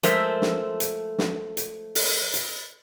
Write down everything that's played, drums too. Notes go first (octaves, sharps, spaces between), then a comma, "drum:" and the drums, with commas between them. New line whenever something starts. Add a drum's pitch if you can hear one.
F3 G#3 A3 A#4 C5 E5, drum: hi-hat
drum: snare
drum: hi-hat
drum: snare
drum: hi-hat
drum: open hi-hat
drum: hi-hat